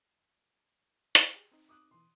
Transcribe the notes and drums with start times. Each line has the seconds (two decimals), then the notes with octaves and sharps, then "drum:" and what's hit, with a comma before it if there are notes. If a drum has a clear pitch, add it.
1.15 drum: hi-hat
1.34 G4 G#4
1.52 C4 D#4
1.69 D6 D#6 F#6
1.91 B2 E3 C6